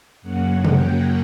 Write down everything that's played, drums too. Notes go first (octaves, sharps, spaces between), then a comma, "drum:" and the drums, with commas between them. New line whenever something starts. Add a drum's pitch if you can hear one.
F#2 C#3 F#3 A#3 C#4 F#5
G5, drum: tom B2